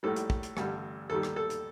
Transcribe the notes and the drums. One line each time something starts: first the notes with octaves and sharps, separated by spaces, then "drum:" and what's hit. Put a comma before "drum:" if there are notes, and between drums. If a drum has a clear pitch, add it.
A#1 A2 G3 A4
drum: hi-hat
drum: kick
drum: hi-hat
A1 G2 D3 G3, drum: rim click
D#2 D#3 G3 A4
drum: rim click
A4
drum: hi-hat